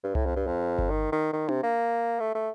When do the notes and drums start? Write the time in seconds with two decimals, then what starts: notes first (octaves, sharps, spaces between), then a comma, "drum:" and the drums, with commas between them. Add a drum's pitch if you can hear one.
0.04 G2
0.15 A2, drum: tom C2
0.26 F2
0.36 G2
0.47 F2
0.78 drum: kick G1
0.90 D#3
1.12 D#3
1.33 D#3
1.49 C3, drum: tom D4
1.63 A#3
2.20 A3
2.35 A3